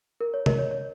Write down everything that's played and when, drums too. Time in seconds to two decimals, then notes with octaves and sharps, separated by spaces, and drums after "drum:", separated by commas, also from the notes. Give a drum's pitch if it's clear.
0.21 A#4
0.34 C#5
0.46 A#4 D#5, drum: tom C3
0.59 C#5
0.71 C#5